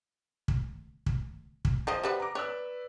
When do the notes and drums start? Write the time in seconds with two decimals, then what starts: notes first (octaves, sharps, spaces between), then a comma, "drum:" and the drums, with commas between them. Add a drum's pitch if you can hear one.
0.48 drum: kick
1.06 drum: kick
1.65 drum: kick
1.87 F3 G#3 C5 D#5
2.03 G3 B4 F#5
2.20 A#5 D6
2.35 B4 C#5 D5 E6